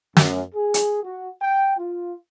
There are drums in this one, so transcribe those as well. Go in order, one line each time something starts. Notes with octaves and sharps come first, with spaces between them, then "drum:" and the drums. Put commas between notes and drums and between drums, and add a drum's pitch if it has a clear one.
F#2, drum: snare
G#4
drum: hi-hat
F#4
G5
F4